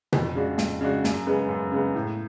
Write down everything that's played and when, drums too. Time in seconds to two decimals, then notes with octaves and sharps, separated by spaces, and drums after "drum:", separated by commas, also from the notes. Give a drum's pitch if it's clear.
0.13 F2, drum: tom B2
0.35 C#3 G#3 D4 F#4
0.58 F2, drum: snare
0.81 C#3 G#3 D4 F#4
1.04 F#2, drum: snare
1.27 C#3 G#3 B3
1.49 F#2
1.72 C#3 G#3 B3
1.95 A2